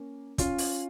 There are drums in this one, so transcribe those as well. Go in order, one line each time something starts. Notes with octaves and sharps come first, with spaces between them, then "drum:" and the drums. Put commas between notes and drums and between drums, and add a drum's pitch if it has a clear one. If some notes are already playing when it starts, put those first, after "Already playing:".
Already playing: A#3 C#4
C#4 F4, drum: kick, hi-hat
drum: open hi-hat